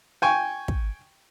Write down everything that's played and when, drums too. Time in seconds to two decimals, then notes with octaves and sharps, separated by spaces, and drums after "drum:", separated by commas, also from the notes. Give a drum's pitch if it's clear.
0.22 G5 G#5 C#6
0.68 drum: kick